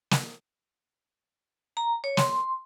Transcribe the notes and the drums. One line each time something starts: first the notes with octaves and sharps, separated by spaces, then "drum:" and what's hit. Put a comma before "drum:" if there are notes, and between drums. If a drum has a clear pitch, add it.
drum: snare
A#5
C#5
C6, drum: snare